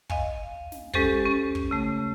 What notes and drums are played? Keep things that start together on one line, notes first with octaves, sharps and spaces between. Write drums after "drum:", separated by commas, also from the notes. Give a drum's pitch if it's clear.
D#5 F5 G#5, drum: kick
drum: snare
G#3 C#4 G4 A4 C5, drum: kick
C#4
drum: kick
C#3 A3